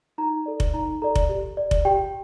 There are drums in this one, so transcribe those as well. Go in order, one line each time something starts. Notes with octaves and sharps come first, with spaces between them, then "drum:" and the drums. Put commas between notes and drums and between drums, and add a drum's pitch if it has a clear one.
D#4 A#5
A4 D5
drum: kick F1
D#4 A#5
A4 D5 A#5
drum: kick F1
G4
D5
drum: kick F1
G4 G5